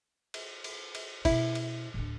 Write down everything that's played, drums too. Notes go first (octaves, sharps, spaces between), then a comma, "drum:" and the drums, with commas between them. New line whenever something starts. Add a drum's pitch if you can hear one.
drum: cymbal
drum: cymbal
drum: cymbal
B2 C#4 E4, drum: kick, cymbal
drum: cymbal
D1 D4